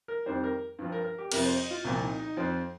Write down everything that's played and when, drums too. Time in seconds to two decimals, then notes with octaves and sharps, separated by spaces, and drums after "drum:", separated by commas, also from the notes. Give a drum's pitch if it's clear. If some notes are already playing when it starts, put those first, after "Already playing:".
0.08 A#4
0.26 F2 D#3 G3 C5
0.44 A#4
0.79 G2 F3
0.92 A#4
1.05 A#4
1.18 G4
1.32 F2 C3 F3 A#4, drum: cymbal
1.45 C5
1.58 D#5
1.71 F4
1.84 C2 A#2 F3
2.03 D#4
2.20 D#4
2.37 F2 F3 C4